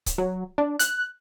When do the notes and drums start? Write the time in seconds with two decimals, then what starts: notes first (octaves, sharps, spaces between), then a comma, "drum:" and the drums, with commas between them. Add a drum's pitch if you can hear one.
0.06 drum: kick C#1, hi-hat
0.18 F#3
0.58 D4
0.79 F#6, drum: hi-hat